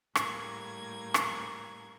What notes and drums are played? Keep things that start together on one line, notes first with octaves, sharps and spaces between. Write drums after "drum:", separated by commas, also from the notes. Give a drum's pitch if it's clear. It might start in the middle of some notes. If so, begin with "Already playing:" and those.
A2 G3 A#3 G#6, drum: rim click
drum: rim click